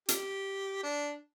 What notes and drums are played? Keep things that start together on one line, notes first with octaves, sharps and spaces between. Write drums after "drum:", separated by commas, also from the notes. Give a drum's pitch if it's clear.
G4, drum: hi-hat
D4